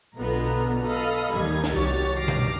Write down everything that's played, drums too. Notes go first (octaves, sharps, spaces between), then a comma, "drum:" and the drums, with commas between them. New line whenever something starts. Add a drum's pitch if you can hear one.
B1 B2 D3 B3 F4 A#5
A4 D#5 F5 B5 D#6
D#2 D#3 G3 D#4 G#6
drum: snare
C2 F#4 G4 C#5 A6
G2 D#3 D6 F6 A#6 C7
drum: tom B2